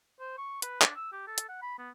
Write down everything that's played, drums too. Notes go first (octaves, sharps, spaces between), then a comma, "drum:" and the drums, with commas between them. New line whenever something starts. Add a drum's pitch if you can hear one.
C5
C#6
B4, drum: hi-hat
D4, drum: clap
E6
G4
A4
drum: hi-hat
F#5
B5
B3